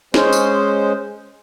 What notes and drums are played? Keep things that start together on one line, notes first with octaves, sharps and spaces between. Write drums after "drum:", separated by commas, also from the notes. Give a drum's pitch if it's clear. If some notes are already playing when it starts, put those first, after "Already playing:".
G#3 C#4 C5, drum: snare
drum: tambourine